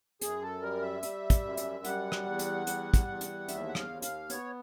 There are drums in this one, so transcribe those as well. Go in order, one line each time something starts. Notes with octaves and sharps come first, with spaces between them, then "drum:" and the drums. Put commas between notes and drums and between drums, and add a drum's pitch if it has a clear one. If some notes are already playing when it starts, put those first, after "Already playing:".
F#2 G#4, drum: hi-hat
A4
G3 A#4
E5
G3, drum: hi-hat
drum: kick, hi-hat
F#2
drum: hi-hat
G3 F#5, drum: hi-hat
drum: rim click
E2
drum: hi-hat
G3, drum: hi-hat
drum: kick, hi-hat
E2
drum: hi-hat
D#2 E5, drum: hi-hat
F#5
F5, drum: rim click
D#2
F5, drum: hi-hat
B3 C#5, drum: hi-hat